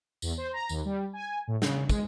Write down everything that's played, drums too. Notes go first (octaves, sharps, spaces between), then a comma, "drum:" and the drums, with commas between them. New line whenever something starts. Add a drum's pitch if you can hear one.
E2, drum: tambourine
C5
A#5
D#2, drum: tambourine
G3
G#5
A2
C#3, drum: snare
G#3, drum: kick, tambourine